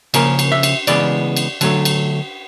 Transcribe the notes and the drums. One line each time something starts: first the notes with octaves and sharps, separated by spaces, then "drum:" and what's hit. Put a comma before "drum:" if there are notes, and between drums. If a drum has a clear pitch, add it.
C#3 F3 A#3 C#4 A#4, drum: cymbal
drum: cymbal
E5
drum: cymbal
C#3 E3 G#3 B3 D5, drum: cymbal
drum: cymbal
D3 F#3 A3, drum: cymbal
drum: cymbal